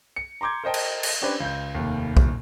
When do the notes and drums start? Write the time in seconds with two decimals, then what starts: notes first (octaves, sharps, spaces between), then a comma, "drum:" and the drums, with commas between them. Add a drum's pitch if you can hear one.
0.16 C#7
0.41 A#5 C6 D6 G6 G#6
0.64 A#4 C5 D#5 G5 A5
0.74 drum: cymbal
1.03 drum: cymbal
1.22 C#4 D4 G4 B4 C5
1.40 C#2 G6
1.75 F1 D#2
2.17 drum: kick B1